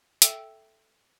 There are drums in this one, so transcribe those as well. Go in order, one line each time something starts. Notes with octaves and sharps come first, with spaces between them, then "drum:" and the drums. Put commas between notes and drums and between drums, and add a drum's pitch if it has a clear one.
A4 E5 G5 E6, drum: hi-hat